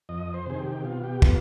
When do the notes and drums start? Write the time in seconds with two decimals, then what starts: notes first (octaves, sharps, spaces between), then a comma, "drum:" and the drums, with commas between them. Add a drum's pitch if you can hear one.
0.09 F2 D#5
0.34 C5
0.46 C3 D#3 G#4
0.59 G4
0.85 B2 F4
1.04 G4
1.22 B3 F4, drum: kick